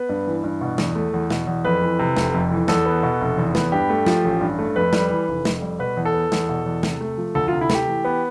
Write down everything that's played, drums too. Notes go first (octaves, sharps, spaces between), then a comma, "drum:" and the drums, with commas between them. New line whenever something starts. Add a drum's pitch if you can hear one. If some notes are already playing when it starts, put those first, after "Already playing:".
Already playing: B3 B4
G2
E3
G2
B2
E2, drum: snare
A3
E2
B2, drum: snare
E2
F2 B4
E3
C3
F1, drum: snare
F2
E3
E2 A4, drum: snare
B3
B2
F1
E2
B3, drum: snare
G2 G4
A3
F3, drum: snare
A1
G2
A3
F2 B4
G3, drum: snare
E3
F1
F2, drum: snare
G3
B2 B4
E2
A4
B3
E2, drum: snare
B2
E2
C3, drum: snare
A3
F3
D2 A4
F4
C3
E4
A3, drum: snare
G4
E3
B3